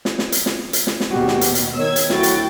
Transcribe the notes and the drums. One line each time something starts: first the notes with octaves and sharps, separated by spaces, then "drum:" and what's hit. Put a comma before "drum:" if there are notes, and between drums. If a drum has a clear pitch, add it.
drum: snare
drum: snare
drum: hi-hat
drum: snare
drum: hi-hat
drum: snare
drum: snare
D#2 G#2 B2 F#4 G4
drum: snare
drum: hi-hat
drum: hi-hat
D#3 C#5 E6 G#6
drum: hi-hat
D2 F#3 E4 F#4 G5 A6, drum: snare
drum: hi-hat